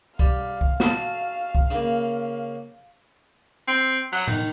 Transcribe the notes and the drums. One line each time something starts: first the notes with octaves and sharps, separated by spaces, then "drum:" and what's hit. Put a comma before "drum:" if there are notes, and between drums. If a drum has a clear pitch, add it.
G3 F5, drum: kick C2
drum: kick C2
F#4 A4, drum: snare
drum: kick C2
C#3 A#3
C4
F#3, drum: cymbal
D#3, drum: tom A2